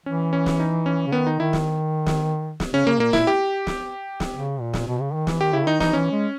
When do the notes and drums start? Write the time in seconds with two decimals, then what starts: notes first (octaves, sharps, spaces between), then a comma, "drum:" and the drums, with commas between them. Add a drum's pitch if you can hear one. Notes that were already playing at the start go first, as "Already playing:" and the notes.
0.06 E3 C#4
0.33 C#4
0.46 drum: snare
0.60 D#4
0.86 C#4
1.07 C#3
1.12 D#3 B3
1.27 D#4
1.40 D#3 E4
1.53 drum: snare
2.06 drum: snare
2.60 drum: snare
2.73 C#3 C#4
2.86 C#3 A#3
2.99 A#2 A#3
3.13 A#2 E4, drum: snare
3.27 G4
3.67 drum: snare
4.20 drum: snare
4.34 C#3
4.60 A#2
4.74 drum: snare
4.87 B2
5.00 C#3
5.13 D#3
5.27 E3, drum: snare
5.41 D#3 G4
5.53 C#3 E4
5.67 D#3 D#4
5.80 E3 D#4, drum: snare
5.93 E3 C#4
6.11 G#3